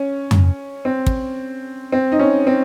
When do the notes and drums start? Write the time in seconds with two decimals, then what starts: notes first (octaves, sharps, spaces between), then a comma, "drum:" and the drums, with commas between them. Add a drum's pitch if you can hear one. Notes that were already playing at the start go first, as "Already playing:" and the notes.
Already playing: C#4
0.31 drum: tom F2
0.85 C4
1.06 drum: kick
1.92 C4
2.12 D#4
2.19 C#4
2.47 C4